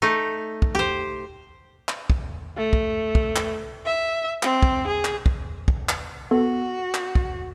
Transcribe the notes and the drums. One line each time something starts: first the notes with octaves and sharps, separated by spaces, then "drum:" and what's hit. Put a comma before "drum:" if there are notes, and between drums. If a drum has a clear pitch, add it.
A3 D#4
drum: kick
G4 C5
drum: clap
drum: kick
A3
drum: kick
drum: kick
drum: clap
E5
C4, drum: clap
drum: kick
G#4
drum: clap
drum: kick
drum: kick
drum: clap
B3 F#4 A4
drum: clap
drum: kick